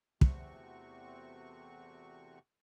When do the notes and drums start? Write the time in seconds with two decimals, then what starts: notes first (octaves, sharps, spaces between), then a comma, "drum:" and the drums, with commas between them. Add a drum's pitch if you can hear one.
0.21 E2 C3 A3 C4 F#4 C#6, drum: kick